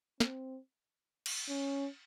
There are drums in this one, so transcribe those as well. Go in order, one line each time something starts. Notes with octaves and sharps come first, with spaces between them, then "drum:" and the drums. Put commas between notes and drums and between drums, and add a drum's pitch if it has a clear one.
C4, drum: snare
drum: cymbal
C#4